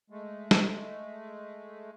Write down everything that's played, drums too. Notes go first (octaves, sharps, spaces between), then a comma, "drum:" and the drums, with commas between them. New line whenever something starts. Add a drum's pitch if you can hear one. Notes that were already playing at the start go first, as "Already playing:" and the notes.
G#3 A3
drum: snare